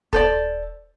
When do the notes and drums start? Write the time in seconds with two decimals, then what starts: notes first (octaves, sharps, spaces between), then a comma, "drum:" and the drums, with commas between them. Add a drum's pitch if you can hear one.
0.13 A4 C5 D5, drum: kick D#1